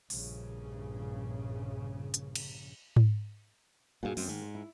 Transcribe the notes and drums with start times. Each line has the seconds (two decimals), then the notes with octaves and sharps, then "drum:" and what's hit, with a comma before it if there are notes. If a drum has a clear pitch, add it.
0.10 A#1 G2 A#2 C#3, drum: open hi-hat
2.14 drum: hi-hat
2.35 drum: cymbal
2.96 drum: tom G#2
4.03 G2 A#2 F#4 G#4 F5
4.17 F#2 A3 C4, drum: open hi-hat
4.28 G#2 D#3
4.42 C5
4.55 E4